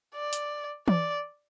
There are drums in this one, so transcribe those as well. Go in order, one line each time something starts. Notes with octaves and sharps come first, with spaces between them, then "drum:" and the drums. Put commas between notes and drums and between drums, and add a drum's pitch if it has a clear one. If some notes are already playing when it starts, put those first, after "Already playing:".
D5
drum: hi-hat
D5, drum: tom E3